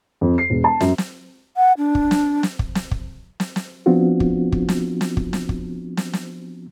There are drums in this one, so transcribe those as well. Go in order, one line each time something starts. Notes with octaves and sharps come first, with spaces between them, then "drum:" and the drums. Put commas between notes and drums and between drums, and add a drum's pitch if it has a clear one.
F2
C7
E1
A5
F#2, drum: snare
drum: snare
F#5
D4
drum: kick
drum: snare
drum: snare
drum: kick
drum: snare
drum: kick
drum: snare
drum: snare
F3 B3 C4 D4 F4 F#4
drum: kick
drum: kick
drum: snare
drum: snare
drum: kick
drum: snare
drum: kick
drum: snare
drum: snare